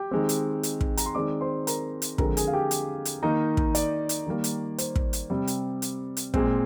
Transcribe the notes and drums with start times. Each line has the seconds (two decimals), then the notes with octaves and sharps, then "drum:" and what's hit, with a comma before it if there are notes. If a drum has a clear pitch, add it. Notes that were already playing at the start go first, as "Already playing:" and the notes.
Already playing: G4 G5
0.11 D#3 G#3 C4
0.29 drum: hi-hat
0.63 drum: hi-hat
0.81 drum: kick
0.97 A#5, drum: hi-hat
1.06 C6
1.15 D#3 G#3 C4 D5 D6
1.41 C5 C6
1.67 A#4 A#5, drum: hi-hat
2.02 drum: hi-hat
2.18 D3 F3 G#3 C4 A#4 A#5, drum: kick
2.37 G#4 G#5, drum: hi-hat
2.48 F5
2.53 G4 G5
2.71 drum: hi-hat
3.05 drum: hi-hat
3.23 D#3 A#3 D#4 D#5
3.57 drum: kick
3.75 D5, drum: hi-hat
4.09 drum: hi-hat
4.27 D#3 G3 A#3
4.44 drum: hi-hat
4.78 C5, drum: hi-hat
4.96 drum: kick
5.13 drum: hi-hat
5.30 C3 G3 C4
5.47 drum: hi-hat
5.82 drum: hi-hat
6.17 drum: hi-hat
6.34 A#2 G#3 C4, drum: kick